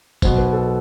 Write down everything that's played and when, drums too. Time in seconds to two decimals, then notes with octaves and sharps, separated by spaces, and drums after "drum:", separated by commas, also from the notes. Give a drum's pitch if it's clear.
0.22 B1 B2 C5, drum: kick, tambourine
0.38 B4
0.53 A4